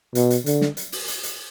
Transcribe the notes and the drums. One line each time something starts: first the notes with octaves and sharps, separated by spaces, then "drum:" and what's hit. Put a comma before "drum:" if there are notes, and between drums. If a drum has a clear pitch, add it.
B2, drum: hi-hat
drum: hi-hat
D3, drum: hi-hat
drum: snare
drum: hi-hat
drum: open hi-hat
drum: hi-hat
drum: hi-hat